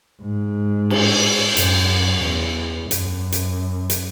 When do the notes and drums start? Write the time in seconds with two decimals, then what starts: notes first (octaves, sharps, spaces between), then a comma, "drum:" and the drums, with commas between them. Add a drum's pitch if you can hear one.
0.22 G#2
0.90 drum: cymbal
1.57 F#2, drum: hi-hat
2.23 E2
2.91 F#2, drum: hi-hat
3.32 drum: hi-hat
3.90 drum: hi-hat